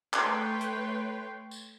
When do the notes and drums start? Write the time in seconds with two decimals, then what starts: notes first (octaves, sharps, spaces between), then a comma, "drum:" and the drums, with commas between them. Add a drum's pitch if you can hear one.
0.13 A3 B4 C#5 G5 C6, drum: clap
0.61 drum: hi-hat
1.51 drum: tambourine